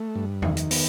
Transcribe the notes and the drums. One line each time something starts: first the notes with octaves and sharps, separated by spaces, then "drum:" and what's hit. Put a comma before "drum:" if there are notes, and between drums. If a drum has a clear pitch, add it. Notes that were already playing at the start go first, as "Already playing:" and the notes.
Already playing: A3
G2
D#3, drum: tom E2
drum: hi-hat
B3, drum: open hi-hat